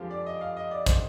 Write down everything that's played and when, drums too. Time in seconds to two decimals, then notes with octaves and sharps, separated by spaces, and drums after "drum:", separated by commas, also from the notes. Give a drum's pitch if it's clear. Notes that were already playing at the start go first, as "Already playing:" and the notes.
Already playing: F2 D3 F3 G#3 G4 F5
0.10 D5
0.26 D#5
0.41 F5
0.57 D#5
0.71 D5
0.86 C5, drum: kick, hi-hat